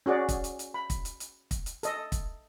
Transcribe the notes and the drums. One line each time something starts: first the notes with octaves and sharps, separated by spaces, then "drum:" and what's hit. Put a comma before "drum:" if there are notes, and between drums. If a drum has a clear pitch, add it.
C#4 F#4 G#4 D5
drum: kick, hi-hat
drum: hi-hat
drum: hi-hat
B5
drum: kick, hi-hat
drum: hi-hat
drum: hi-hat
drum: kick, hi-hat
drum: hi-hat
A4 D#5, drum: hi-hat
drum: kick, hi-hat